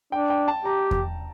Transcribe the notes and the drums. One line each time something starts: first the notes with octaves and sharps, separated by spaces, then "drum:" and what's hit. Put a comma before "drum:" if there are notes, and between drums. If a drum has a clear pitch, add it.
D4 G5
G5
A5
G4 A#5
drum: kick E2